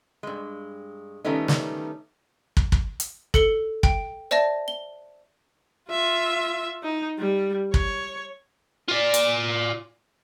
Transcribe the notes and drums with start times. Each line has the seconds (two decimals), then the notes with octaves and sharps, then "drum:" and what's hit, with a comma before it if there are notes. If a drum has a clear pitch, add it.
0.23 G2 G#3
1.24 D#3 G3 A3 B3 C#4 D#4
1.48 drum: snare
2.57 drum: kick
2.72 drum: kick
3.00 drum: hi-hat
3.34 A4 C#7 G7, drum: kick
3.83 G5, drum: kick
4.31 C5 D5 E5 A5 A#6
4.68 G7
5.89 F4 E5
6.83 D#4
7.18 G3
7.74 C#5, drum: kick
8.88 F4 D5
9.14 drum: hi-hat